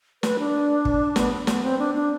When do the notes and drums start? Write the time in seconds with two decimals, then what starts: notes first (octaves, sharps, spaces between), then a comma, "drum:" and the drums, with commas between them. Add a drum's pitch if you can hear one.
0.23 B4, drum: snare
0.39 D4
0.85 drum: kick G#1
1.16 B3, drum: snare
1.47 B3, drum: snare
1.64 C4
1.79 D4
1.95 D4